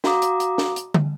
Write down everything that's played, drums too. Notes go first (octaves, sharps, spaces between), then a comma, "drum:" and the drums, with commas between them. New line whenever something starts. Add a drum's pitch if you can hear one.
F#4 F5 A#5 D6 D#6, drum: snare
drum: hi-hat
drum: hi-hat
drum: snare
drum: hi-hat
drum: tom